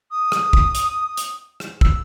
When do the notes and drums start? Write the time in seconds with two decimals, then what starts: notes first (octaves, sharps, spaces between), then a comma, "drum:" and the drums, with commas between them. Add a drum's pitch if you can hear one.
0.11 D#6
0.32 drum: rim click
0.53 drum: kick
0.75 drum: hi-hat
1.17 drum: hi-hat
1.60 drum: rim click
1.81 E6, drum: kick